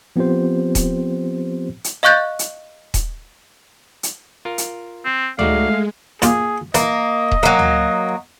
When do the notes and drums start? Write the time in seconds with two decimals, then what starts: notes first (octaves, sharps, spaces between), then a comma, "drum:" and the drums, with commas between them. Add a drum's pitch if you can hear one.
0.16 F3 B3 C4 F4 G4 C5
0.75 drum: kick D#1, hi-hat
1.84 drum: hi-hat
2.03 D#5 F5 C#6 F#6 G6 A6
2.39 drum: hi-hat
2.94 drum: kick D#1, hi-hat
4.03 drum: hi-hat
4.45 F4 A#4
4.58 drum: hi-hat
5.05 C4
5.39 G#3 A3 D#4 F#4 D5 F5, drum: tom D2
6.22 A#2 F4 G4 G#4, drum: hi-hat
6.74 E3 A#3 D#5, drum: hi-hat
7.31 drum: kick D#1
7.43 F#3 A#3 E5 G#5
7.59 drum: tom D2